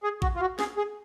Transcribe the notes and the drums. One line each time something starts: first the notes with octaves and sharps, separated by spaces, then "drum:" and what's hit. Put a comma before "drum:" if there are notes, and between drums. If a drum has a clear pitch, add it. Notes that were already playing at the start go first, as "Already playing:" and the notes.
G#4
F#4, drum: kick A1
F4
F#4
G#4, drum: snare
G#4